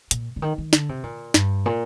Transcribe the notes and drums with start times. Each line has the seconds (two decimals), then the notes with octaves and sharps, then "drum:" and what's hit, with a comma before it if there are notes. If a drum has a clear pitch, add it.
0.11 A#2, drum: hi-hat
0.36 D3
0.42 D#3
0.58 D#3
0.73 D3, drum: snare
0.89 C3
1.03 A#2
1.34 G2, drum: snare
1.66 A#2